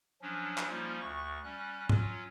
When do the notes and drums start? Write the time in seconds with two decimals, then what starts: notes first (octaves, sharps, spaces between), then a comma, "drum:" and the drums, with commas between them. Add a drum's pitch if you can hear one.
0.22 F3 F#3 C#4 D4
0.58 drum: clap
0.68 F3 G3 A#3 C#4 D#4 F4
1.01 D2 C#6
1.44 G3 C#4 F#6
1.89 F#3 C#4 F4, drum: tom